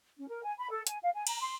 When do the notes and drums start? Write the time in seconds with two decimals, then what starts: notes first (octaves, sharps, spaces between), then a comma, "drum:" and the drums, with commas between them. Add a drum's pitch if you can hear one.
0.18 C#4
0.29 A#4
0.44 G#5
0.58 B5
0.70 A4
0.87 G#5, drum: hi-hat
1.02 F5
1.14 G#5
1.27 A#5, drum: cymbal
1.41 C6